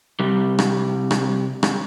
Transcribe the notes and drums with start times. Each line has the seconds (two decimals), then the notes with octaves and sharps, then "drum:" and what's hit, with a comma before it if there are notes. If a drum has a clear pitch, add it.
0.20 C3 G3
0.59 drum: rim click
1.11 drum: rim click
1.63 drum: rim click